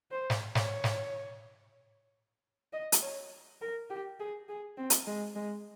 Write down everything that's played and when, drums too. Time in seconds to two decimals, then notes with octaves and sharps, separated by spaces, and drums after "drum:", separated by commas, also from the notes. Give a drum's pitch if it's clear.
0.11 C5
0.30 drum: snare
0.55 C#5, drum: snare
0.84 drum: snare
2.73 D#5
2.92 drum: hi-hat
3.02 C#5
3.61 A#4
3.90 G4
4.20 G#4
4.49 G#4
4.77 C4
4.90 drum: hi-hat
5.07 G#3
5.35 G#3